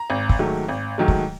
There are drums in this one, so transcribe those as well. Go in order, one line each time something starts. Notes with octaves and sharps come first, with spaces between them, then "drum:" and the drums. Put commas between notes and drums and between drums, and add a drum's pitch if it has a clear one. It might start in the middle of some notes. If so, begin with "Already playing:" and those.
Already playing: A#5
G#1
drum: kick
G#2 D#3 F#3 A3
G#1
G#2 D#3 F#3 A3
drum: kick